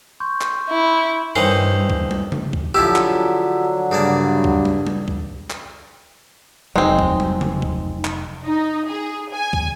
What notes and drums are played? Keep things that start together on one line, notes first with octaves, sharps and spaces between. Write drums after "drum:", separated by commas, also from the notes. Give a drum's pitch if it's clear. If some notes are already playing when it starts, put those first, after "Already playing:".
C6 C#6 G6
drum: clap
E4
G2 D#3 E3 C#4 C5 C7
drum: kick
drum: tom
drum: tom C#3
drum: kick
D3 F3 F#3 E4 G4 E6
drum: clap
G2 C#3 A#3 D4
drum: kick
drum: tom
drum: tom
drum: kick
drum: clap
F1 F#3 G#3 C4 D#4
drum: kick
drum: tom
drum: tom C#3
drum: kick
drum: clap
D#4
G#4
G#5
drum: kick